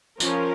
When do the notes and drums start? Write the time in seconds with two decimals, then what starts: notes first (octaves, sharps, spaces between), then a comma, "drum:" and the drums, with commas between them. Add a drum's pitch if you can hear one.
0.20 F3 C#4 A#4, drum: tambourine